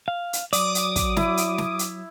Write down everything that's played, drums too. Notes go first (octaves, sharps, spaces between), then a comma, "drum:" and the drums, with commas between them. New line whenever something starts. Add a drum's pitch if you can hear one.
F5
drum: hi-hat
F#3 D5 D6 D#6, drum: hi-hat
drum: hi-hat
drum: kick, hi-hat
E4, drum: snare
drum: hi-hat
drum: snare
drum: hi-hat